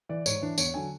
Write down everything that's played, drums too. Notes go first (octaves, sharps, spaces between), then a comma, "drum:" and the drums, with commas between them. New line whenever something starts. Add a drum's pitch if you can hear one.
E3 D5
G#2 C#5, drum: tambourine
E3 D4
E2 C#5, drum: tambourine
D3 F#3 G#5